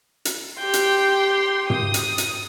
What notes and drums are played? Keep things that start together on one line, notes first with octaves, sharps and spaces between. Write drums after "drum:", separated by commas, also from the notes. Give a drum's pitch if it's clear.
drum: hi-hat
G4 G5 C6
drum: hi-hat
D#6, drum: tom
drum: hi-hat
drum: hi-hat